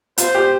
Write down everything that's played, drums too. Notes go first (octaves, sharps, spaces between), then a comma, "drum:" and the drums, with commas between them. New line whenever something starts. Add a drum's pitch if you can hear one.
F4 C5, drum: hi-hat
G4